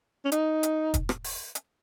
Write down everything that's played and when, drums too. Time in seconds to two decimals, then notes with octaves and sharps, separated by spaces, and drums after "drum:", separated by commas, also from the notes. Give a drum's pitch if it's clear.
0.25 C#4
0.32 D#4, drum: hi-hat
0.63 drum: hi-hat
0.94 drum: kick, hi-hat
1.09 drum: rim click
1.24 drum: open hi-hat
1.55 drum: hi-hat